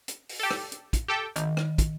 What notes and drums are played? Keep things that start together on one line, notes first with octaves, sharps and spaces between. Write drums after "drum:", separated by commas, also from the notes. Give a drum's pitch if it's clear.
drum: hi-hat
drum: open hi-hat
G4 A4
drum: rim click
drum: hi-hat
drum: kick, hi-hat
G4 A4 G5
A1 D#3, drum: hi-hat
drum: rim click
drum: kick, hi-hat